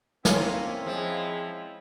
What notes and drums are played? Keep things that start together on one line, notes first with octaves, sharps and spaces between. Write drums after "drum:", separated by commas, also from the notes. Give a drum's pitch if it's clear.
A#3 C4 C#4 E4 F4, drum: snare
F3 G#3